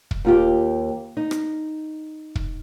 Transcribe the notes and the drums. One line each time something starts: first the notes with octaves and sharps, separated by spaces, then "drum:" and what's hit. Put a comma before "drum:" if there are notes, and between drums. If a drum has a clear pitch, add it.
drum: kick
D#2 F4 G4
D#4
drum: rim click
drum: kick